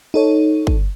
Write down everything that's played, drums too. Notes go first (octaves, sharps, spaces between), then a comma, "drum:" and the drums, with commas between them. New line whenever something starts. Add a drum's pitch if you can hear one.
D#4 A4 C#5
drum: kick